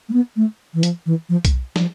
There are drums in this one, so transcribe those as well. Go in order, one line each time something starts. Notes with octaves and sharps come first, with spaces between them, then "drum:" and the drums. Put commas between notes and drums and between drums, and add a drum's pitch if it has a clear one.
A3
B3
A3
E3
F3, drum: hi-hat
E3
F3
drum: kick B1, hi-hat
F3, drum: snare